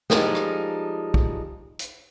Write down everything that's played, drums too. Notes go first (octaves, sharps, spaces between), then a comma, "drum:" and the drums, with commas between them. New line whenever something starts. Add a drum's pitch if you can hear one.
F3 G3 G#3 D#4 A4 A#4, drum: snare
drum: rim click
drum: kick
drum: hi-hat